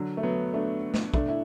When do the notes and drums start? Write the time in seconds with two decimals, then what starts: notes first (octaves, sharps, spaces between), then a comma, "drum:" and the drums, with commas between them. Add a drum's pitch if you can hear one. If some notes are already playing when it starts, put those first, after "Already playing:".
Already playing: D3 F#3
0.17 A3
0.23 F#3 B3
0.54 A3 D4
0.94 drum: snare
1.14 A3 D4, drum: kick
1.28 E4